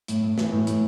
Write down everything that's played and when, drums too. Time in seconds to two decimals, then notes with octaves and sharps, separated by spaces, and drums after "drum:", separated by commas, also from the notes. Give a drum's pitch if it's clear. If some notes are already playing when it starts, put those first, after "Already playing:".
0.08 A2, drum: hi-hat
0.23 A2
0.38 E3, drum: snare
0.52 A2
0.67 A2, drum: hi-hat